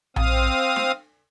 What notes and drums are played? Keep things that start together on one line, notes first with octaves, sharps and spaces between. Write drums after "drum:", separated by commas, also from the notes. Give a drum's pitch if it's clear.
C4 F5 D#6, drum: tom A#1
drum: snare